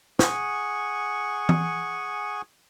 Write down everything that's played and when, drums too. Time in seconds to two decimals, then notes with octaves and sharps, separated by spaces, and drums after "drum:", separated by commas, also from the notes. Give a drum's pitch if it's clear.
0.19 G#4 F#5 G#5 C#6, drum: snare
1.49 drum: tom E3